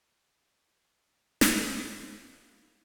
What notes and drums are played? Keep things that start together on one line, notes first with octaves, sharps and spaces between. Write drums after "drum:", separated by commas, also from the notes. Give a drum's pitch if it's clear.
F3 G3 A3 A#3 E4, drum: snare